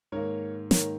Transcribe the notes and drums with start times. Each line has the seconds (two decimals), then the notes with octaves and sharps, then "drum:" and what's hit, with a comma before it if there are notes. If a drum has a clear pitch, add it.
0.12 G#2 D#3 A#3 A#4 C#5
0.71 G#2 D#3 A#3 A#4 C#5, drum: snare